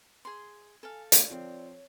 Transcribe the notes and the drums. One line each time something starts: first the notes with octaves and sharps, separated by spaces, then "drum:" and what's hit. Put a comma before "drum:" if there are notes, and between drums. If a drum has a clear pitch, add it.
G#4 C6
A4 F5 G#5
A3 D5, drum: hi-hat
F3 C4 C#5